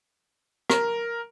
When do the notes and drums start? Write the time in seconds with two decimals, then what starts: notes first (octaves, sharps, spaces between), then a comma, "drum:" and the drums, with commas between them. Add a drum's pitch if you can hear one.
0.70 A#4, drum: rim click